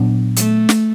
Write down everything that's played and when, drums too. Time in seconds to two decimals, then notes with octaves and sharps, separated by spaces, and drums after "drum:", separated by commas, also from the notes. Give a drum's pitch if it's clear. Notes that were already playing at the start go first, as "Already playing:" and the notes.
Already playing: A#2 F#3 B3 D4
0.36 A3, drum: hi-hat
0.69 drum: snare